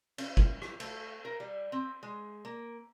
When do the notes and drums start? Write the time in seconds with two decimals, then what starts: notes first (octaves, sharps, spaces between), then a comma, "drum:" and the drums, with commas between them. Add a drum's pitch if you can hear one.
0.18 C#4, drum: cymbal
0.37 drum: kick
0.62 drum: rim click
0.80 A3, drum: cymbal
1.25 A#4
1.40 G3
1.72 C4
2.03 G#3
2.45 A#3